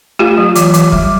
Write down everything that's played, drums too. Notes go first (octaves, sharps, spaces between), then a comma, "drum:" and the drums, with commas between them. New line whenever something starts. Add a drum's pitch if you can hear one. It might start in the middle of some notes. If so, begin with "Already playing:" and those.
A3 F4 G4
F#3
E3, drum: hi-hat
E3, drum: hi-hat
G3, drum: kick